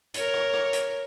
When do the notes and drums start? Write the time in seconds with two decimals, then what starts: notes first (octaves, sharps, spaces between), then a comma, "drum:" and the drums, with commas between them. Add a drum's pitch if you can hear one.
0.14 A#4 C#5, drum: hi-hat
0.34 drum: rim click
0.53 drum: rim click
0.73 drum: hi-hat